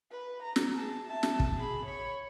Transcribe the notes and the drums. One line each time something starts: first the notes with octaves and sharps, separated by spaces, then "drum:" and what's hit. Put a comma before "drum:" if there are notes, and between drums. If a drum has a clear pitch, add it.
B4
A#5
drum: snare
G#4 A5
E5 A5
drum: snare
drum: kick
G#4 B5
C#5 B5